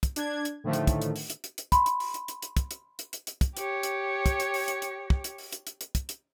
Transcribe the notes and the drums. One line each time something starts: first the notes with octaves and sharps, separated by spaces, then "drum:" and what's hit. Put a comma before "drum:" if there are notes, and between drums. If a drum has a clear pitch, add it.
drum: kick, hi-hat
D4 G#6, drum: hi-hat
drum: hi-hat
A2 D3 D#3 F3 A3
drum: hi-hat
drum: kick, hi-hat
drum: hi-hat
drum: open hi-hat
drum: hi-hat
drum: hi-hat
drum: hi-hat
B5 C6, drum: kick, hi-hat
drum: hi-hat
drum: open hi-hat
drum: hi-hat
drum: hi-hat
drum: hi-hat
drum: kick, hi-hat
drum: hi-hat
drum: hi-hat
drum: hi-hat
drum: hi-hat
drum: kick, hi-hat
G4 C#5, drum: hi-hat
drum: hi-hat
drum: kick, hi-hat
drum: hi-hat
drum: open hi-hat
drum: hi-hat
drum: hi-hat
drum: kick
drum: hi-hat
drum: open hi-hat
drum: hi-hat
drum: hi-hat
drum: hi-hat
drum: kick, hi-hat
drum: hi-hat